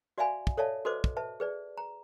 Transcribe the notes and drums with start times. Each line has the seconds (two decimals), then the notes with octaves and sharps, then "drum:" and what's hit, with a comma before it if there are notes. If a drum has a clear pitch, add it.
0.18 F#4 D5 E5 F5 G#5 B5
0.47 drum: kick
0.57 A4 C#5 D5 E5 F5 A5
0.85 F#4 A4 B4 C5 D#5 D6
1.04 drum: kick
1.17 B4 E5 A5
1.40 G#4 B4 D5
1.77 A#5